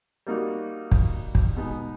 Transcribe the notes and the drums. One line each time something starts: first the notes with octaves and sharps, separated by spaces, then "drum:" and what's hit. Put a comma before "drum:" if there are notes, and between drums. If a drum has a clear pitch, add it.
G3 A#3 D#4 F#4
drum: kick
drum: kick
B2 G#3 B3 D#4